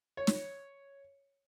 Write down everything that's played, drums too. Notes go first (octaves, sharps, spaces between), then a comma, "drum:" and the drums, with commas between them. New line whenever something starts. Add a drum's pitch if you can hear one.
C#5
drum: snare